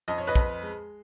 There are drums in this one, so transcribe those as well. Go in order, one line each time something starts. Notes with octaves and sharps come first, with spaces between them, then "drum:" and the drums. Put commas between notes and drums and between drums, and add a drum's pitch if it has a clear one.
F2 D#5
C#5
B4 D#5
F2, drum: kick
G#3